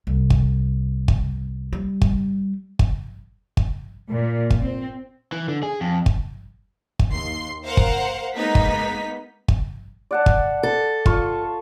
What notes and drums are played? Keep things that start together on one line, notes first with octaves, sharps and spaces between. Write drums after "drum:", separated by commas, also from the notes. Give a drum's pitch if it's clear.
C2
drum: kick
drum: kick
G3
drum: kick
drum: kick
drum: kick
A#2
drum: kick
C4
E3
D3
G#4
F2
drum: kick
drum: kick
D#2 C6 C7
A#4 C5 F5 F#5
drum: kick
G#3 A#3 B3 D#4 B6
drum: kick
drum: kick
D5 F#5 A5
drum: kick
A4
F4 A5 C#6, drum: kick